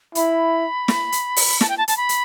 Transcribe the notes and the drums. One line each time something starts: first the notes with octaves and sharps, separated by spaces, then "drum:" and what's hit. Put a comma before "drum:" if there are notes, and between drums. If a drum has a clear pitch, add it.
E4 B5, drum: hi-hat
drum: snare
drum: hi-hat
drum: open hi-hat
A5, drum: snare
G5
A5
A5, drum: hi-hat
B5
drum: hi-hat